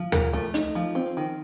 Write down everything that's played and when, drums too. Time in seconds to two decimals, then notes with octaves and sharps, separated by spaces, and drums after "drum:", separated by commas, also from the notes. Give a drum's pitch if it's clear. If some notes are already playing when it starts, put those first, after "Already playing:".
Already playing: F3
0.12 A#4, drum: tom D2
0.33 A3
0.54 D#4, drum: hi-hat
0.75 F3
0.95 C4
1.17 D#3